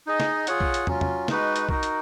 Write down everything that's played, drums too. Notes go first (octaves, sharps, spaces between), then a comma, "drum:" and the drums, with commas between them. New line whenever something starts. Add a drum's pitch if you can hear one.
D#4 G#4 D#5
drum: snare
F4 G#4 C#5 F#5, drum: hi-hat
drum: kick
drum: hi-hat
F#3 C#4 F4, drum: tom
drum: tom
G#3 D#4 F#4 B4, drum: snare
drum: hi-hat
D#4 F#4 A#4, drum: kick
drum: hi-hat